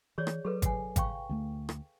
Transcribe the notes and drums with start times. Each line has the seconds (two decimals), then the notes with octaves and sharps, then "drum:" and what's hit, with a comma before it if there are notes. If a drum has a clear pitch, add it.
0.18 E3 G#4 C#5 D5
0.27 drum: rim click
0.45 F#3 G#4 A4 B4
0.62 F#5 G#5, drum: kick G#1, hi-hat
0.96 F5 G5 C#6, drum: kick G#1, hi-hat
1.29 D2 F#3 A3
1.69 drum: rim click